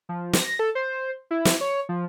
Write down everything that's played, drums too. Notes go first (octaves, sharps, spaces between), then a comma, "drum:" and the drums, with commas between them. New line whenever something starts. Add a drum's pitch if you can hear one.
F3
A#6, drum: snare
A4
C5
E4
drum: snare
C#5
F3